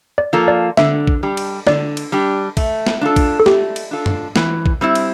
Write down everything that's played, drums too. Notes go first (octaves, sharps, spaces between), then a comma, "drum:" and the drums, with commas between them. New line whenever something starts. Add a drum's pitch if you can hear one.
D5
F3 A#3 F4 A4
D5
D3 E5, drum: snare
drum: kick
G3 D4 G4
drum: cymbal
D3 D5, drum: snare
drum: cymbal
G3 D4 G4
A3, drum: kick, cymbal
drum: snare
D4 F4 A4
drum: kick, cymbal
A4
A3 G4, drum: snare
drum: cymbal
D4 F4 A4
drum: tom F#2
E3, drum: snare
drum: kick
G3 C4 E4
drum: cymbal